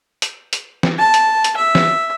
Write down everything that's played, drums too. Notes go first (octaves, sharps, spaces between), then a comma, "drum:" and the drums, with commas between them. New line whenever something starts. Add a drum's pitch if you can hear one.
drum: hi-hat
drum: hi-hat
drum: snare
A5
drum: hi-hat
drum: hi-hat
E5
drum: snare